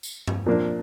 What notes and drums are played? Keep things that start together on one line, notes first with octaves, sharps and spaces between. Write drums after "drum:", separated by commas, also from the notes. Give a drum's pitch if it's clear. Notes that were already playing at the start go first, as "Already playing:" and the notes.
drum: tambourine
drum: tom G2
A#2 F3 A#3 D4